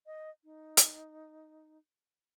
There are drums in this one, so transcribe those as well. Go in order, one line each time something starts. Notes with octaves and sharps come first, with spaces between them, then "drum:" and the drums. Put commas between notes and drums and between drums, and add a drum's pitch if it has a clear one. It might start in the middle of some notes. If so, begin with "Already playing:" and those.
D#5
D#4
drum: hi-hat